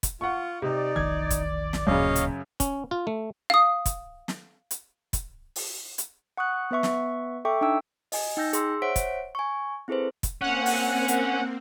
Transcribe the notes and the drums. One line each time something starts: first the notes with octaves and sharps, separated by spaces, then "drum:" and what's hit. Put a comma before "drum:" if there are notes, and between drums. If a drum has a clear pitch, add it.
drum: kick, hi-hat
F4 F#5 C#6
C3 D#4 D5
E1 A#1 D#3 G#6
drum: kick, hi-hat
drum: snare
D1 F#2 A#2 C#3 C#5 D#5 F5
drum: hi-hat
C#4, drum: kick, hi-hat
F4
A3
F5 D#6
drum: kick, hi-hat
drum: snare
drum: hi-hat
drum: kick, hi-hat
drum: open hi-hat
drum: hi-hat
F#5 C#6 D#6 F#6
B3 B4 E5 C#6
drum: snare
A4 E5 G5 C#6 D6
D4 D#4 E5 G5 E6
D#5 G#5, drum: open hi-hat
D#4 G5 E6 G6 A#6
G#4 C6 E6, drum: hi-hat
C5 C#5 E5 F#5 B6 D7
drum: kick, hi-hat
G#5 C#6
C4 E4 G#4 A4 B4 C5
drum: kick, hi-hat
A#3 C4 C#4 F#5
drum: open hi-hat
drum: hi-hat